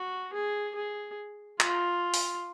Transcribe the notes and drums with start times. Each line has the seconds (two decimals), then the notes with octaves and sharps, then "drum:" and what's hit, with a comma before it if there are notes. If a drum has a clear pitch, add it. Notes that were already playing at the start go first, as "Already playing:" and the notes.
Already playing: F#4
0.33 G#4
0.76 G#4
1.60 F4, drum: clap
2.14 drum: open hi-hat